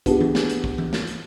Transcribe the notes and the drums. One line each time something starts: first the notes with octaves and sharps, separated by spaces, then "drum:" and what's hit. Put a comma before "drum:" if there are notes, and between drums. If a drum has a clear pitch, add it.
B3 D4 G4 G#4, drum: kick, hi-hat
drum: tom E3
drum: snare
drum: hi-hat
drum: kick
drum: tom E3
drum: snare
drum: hi-hat